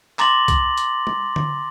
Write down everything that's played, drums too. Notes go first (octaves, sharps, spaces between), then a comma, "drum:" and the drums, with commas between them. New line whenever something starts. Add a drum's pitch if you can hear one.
A#5 C6 D6 A6 A#6 F#7, drum: clap
drum: kick C2, hi-hat
drum: hi-hat
drum: tom G3
drum: tom D3